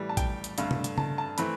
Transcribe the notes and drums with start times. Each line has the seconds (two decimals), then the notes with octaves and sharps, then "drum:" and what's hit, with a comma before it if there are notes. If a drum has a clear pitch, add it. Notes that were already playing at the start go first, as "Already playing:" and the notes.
Already playing: A2 E3 G3
0.09 A5
0.17 G5, drum: kick, hi-hat
0.44 drum: hi-hat
0.58 G2 D3 A3 F5, drum: hi-hat
0.71 drum: tom
0.84 drum: hi-hat
0.98 A5, drum: tom C#3
1.18 A5
1.38 E3 A3 C4 B5, drum: hi-hat